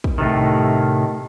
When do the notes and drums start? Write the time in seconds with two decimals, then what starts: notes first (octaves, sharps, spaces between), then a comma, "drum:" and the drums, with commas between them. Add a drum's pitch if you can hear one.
0.04 drum: kick
0.18 A2 C3 D#3